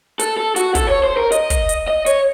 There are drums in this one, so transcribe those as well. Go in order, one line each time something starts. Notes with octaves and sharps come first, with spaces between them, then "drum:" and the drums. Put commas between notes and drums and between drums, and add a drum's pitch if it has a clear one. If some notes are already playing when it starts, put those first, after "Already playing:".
A4, drum: hi-hat
A4
F#4, drum: hi-hat
A4, drum: kick, hi-hat
C#5
C5
A#4
D#5, drum: hi-hat
drum: kick, hi-hat
drum: hi-hat
D#5
C#5, drum: hi-hat